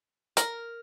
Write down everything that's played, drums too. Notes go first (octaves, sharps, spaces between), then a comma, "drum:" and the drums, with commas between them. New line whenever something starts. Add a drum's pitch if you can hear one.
A#4, drum: hi-hat